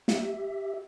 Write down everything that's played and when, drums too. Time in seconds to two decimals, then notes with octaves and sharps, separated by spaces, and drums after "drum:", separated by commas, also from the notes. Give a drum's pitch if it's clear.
0.08 G4 E5, drum: snare